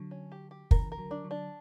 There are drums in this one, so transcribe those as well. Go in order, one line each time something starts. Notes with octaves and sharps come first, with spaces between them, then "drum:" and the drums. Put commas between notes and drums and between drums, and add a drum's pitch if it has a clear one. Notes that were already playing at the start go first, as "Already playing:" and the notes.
Already playing: D3 F#3
C#4
G4
G4
C#3 E3 A#4, drum: kick
A#4
D3 F#3
D4
D3 F#3
D4